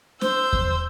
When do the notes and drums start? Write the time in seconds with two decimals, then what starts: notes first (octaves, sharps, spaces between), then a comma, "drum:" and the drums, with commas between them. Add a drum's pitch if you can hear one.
0.21 C5 E6 G6, drum: snare
0.53 drum: kick E2